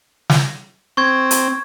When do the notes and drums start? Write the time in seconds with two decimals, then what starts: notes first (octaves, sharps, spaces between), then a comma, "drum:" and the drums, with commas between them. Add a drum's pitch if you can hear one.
0.30 drum: snare
0.97 C4 C#6 G#6
1.31 drum: hi-hat